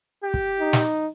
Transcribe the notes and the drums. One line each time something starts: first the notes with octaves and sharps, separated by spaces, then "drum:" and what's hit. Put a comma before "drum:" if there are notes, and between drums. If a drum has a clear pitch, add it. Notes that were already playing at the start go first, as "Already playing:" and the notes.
G4
drum: kick
D#4
drum: snare